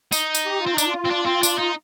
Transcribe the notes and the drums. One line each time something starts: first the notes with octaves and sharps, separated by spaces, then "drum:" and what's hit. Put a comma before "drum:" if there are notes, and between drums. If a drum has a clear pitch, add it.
D#4, drum: tambourine
drum: tambourine
G4
F4
C4
D#4
D4, drum: tambourine
F4
C4
D4
C4
D4, drum: tambourine
D#4